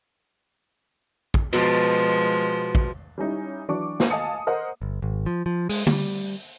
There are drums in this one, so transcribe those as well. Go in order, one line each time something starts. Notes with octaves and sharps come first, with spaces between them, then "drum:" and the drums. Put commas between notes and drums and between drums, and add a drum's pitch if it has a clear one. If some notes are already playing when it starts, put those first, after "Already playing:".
drum: kick
B2 F3 G#3, drum: cymbal
drum: kick
G3 C#4 D#4 E4
E3 F#3 D4 C#6 D6
drum: snare
D#5 F5 G#5 A5 D#6 C#7
A#4 C5 D#5 F#5
G1
G#1
F3
F3
G#3, drum: open hi-hat
G3, drum: tom D3